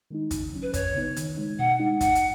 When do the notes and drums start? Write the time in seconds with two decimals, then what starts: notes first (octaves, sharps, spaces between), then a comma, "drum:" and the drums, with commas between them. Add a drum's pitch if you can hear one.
0.10 D#3 G#3 D#4
0.31 C#3, drum: kick, hi-hat
0.53 F#3 C#4
0.62 B4
0.74 F#2 C#5, drum: kick, hi-hat
0.94 C#3 B3 D#4
1.16 D#3, drum: hi-hat
1.37 G#3 D#4
1.59 B2 F#5
1.79 G#3 D#4
2.01 G#2 F#5, drum: kick, hi-hat
2.15 drum: hi-hat